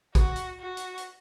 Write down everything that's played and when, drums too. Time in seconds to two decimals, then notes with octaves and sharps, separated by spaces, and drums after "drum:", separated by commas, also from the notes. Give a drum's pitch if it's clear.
0.15 F#4, drum: kick, hi-hat
0.36 drum: hi-hat
0.60 F#4
0.77 drum: hi-hat
0.98 drum: hi-hat